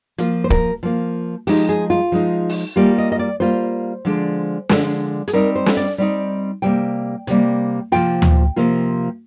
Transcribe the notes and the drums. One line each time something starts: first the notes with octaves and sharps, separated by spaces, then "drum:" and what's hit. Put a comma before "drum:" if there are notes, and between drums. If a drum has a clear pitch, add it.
F3 A#3 F4, drum: hi-hat
C5
A#4, drum: kick
F3 A#3 F4
F3 G#3 D#4 G4, drum: open hi-hat
G#4
F4
F3 G#3 D#4
drum: open hi-hat
G3 A#3 F4 G4
D#5
D#5
D5
G3 A#3 F4 C5
D3 F3 G#3 D4
D3 F3 G#3 D4, drum: snare
G#4, drum: hi-hat
G3 C4 D#4 A#4
C5
drum: snare
D5
G3 C4 D#4
C3 G3 A#3 G5
C3 G3 A#3, drum: hi-hat
C3 F3 A#3 F4 G5
drum: tom D2
C3 F3 A#3 F4